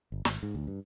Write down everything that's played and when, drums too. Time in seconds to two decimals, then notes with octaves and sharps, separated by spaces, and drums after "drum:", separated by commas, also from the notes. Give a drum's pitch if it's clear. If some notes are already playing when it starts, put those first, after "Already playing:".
0.12 G1
0.25 G#1, drum: snare
0.43 G#2
0.55 D2
0.67 G2